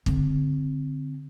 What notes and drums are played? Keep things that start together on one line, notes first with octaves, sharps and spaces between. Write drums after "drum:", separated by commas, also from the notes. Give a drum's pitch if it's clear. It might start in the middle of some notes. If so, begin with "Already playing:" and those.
D3 C4, drum: kick